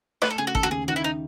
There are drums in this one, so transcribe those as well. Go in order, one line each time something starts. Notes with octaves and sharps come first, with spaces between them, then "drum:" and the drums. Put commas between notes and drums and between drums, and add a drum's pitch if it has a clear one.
A3 B4, drum: rim click
A4
C#3 G#4
F#4
D#2 A4, drum: kick
F#4
C#3 G#4
D#3 F#4
E4
D#4